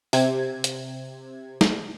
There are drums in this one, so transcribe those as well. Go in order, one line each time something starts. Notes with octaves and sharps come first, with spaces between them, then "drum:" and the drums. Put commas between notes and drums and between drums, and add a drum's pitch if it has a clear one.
C3 G#6, drum: open hi-hat
drum: hi-hat
drum: snare